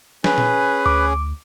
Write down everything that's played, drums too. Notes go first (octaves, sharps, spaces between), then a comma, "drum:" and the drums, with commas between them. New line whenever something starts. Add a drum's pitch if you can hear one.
C#4 G#4 B4, drum: snare
drum: tom A#2
D2 D6